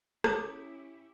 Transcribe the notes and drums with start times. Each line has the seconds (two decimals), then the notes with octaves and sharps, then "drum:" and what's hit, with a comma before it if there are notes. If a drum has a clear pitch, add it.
0.24 C#4 E4 G4 C#5 D6 D#6, drum: rim click